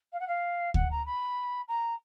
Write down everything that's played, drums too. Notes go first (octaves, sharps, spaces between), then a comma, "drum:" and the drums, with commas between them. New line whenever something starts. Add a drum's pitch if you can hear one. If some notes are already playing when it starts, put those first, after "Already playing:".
F5
F#5
F5
F#5, drum: kick D2
A#5
B5
A#5